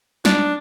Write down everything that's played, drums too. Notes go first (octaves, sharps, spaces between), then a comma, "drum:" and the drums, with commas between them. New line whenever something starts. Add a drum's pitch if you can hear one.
D4, drum: snare